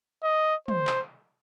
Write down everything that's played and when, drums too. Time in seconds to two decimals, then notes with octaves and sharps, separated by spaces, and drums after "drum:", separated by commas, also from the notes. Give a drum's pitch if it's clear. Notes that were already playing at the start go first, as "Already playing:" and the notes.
0.23 D#5
0.68 C5, drum: tom
0.87 drum: clap